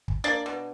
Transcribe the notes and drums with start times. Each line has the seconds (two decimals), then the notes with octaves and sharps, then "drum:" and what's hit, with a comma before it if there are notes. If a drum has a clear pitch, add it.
0.08 drum: kick
0.24 A#3 D4 D5
0.46 B2